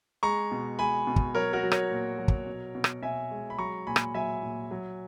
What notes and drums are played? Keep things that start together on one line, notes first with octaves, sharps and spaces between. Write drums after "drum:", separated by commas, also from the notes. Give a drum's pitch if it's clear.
G#3 A#5 C#6
B2
G#3 G#5 B5
B2
drum: kick
F#3 A#4 C#5
F#4 A#4
F#3
A#4 C#5, drum: rim click
A#2
F#3
drum: kick
B2
B2
drum: rim click
B2 E5 G#5
G#3
B5
F#3 A#5 C#6
A#2 G#5 B5
drum: rim click
F#3 E5 G#5
A#2
F#3